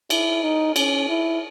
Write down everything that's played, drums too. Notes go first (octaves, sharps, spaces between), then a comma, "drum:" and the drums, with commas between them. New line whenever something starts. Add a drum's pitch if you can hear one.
E4, drum: cymbal
D#4
C#4, drum: cymbal
E4